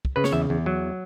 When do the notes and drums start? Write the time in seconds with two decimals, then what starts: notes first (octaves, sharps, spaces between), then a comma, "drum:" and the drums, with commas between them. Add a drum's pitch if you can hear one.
0.05 drum: kick
0.16 C#3 B4
0.24 C#5, drum: snare
0.32 E2 E5
0.50 E2
0.66 F#3